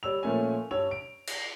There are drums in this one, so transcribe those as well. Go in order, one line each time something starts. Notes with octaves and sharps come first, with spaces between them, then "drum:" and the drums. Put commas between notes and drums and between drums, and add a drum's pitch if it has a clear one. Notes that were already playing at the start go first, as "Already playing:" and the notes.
G3 C#5 E6 F7
A#2 F3 A3 C#4 G#5
G2 C#5 E6 F7
D7
drum: cymbal